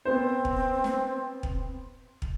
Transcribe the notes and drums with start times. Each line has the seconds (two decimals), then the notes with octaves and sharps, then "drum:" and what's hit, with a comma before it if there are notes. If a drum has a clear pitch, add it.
0.05 B3 C4 C5
0.45 drum: kick
0.84 drum: snare
1.43 drum: kick
2.22 drum: kick